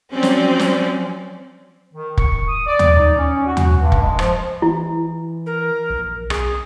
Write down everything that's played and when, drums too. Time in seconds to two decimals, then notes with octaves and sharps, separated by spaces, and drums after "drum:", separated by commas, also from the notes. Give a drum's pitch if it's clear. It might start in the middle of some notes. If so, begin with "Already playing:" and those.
0.12 F3 F#3 C4 C#4 D5
0.23 drum: snare
0.59 drum: snare
1.94 D#3
2.17 C#6, drum: kick
2.47 D#6
2.67 D5
2.79 drum: tom
2.97 D#4
3.16 C#4
3.46 F#4
3.57 drum: tom
3.77 G2
3.92 drum: kick
4.01 G#3
4.19 F3, drum: rim click
4.62 E3 E4
5.46 A#4
5.90 A#1
6.30 B1 G#4, drum: rim click